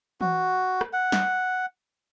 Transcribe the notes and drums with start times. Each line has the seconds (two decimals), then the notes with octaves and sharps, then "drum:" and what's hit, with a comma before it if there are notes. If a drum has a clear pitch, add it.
0.21 F#4, drum: tom E3
0.81 drum: rim click
0.93 F#5
1.12 drum: snare